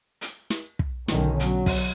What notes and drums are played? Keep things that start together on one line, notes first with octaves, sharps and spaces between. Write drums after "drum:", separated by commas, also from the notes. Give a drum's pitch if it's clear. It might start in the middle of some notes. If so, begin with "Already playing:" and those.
drum: hi-hat
drum: snare
drum: kick
B1 D3 D#3 C#4, drum: snare
F#3, drum: hi-hat
drum: kick, open hi-hat